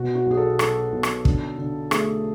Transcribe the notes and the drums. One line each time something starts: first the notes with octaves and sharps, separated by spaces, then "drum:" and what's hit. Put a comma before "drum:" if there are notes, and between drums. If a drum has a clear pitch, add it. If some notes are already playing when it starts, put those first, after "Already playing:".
Already playing: B2 F#4
F#4
B1 G#4
A4
F#3 A4, drum: rim click
B1
drum: rim click
D3, drum: kick
D3
A3 G#4, drum: rim click